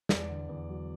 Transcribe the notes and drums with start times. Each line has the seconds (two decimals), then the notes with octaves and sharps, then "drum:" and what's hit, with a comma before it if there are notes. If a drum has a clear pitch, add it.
0.09 E2 D5, drum: snare
0.29 D3
0.49 E2
0.69 F#3